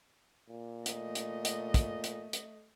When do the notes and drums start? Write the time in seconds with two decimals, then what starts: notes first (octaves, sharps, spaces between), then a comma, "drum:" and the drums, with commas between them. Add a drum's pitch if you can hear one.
0.50 A#2
0.86 A3 D#5, drum: hi-hat
1.15 drum: hi-hat
1.45 drum: hi-hat
1.74 drum: kick, hi-hat
2.04 drum: hi-hat
2.33 drum: hi-hat